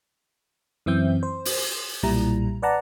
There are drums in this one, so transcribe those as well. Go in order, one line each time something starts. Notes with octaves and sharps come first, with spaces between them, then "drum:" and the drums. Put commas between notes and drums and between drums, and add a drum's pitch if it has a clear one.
F#2 E3 C4 E5 G6
C5
drum: open hi-hat
B1 A#2 G3 E4 A#5
B4 D5 F#5 A5 A#5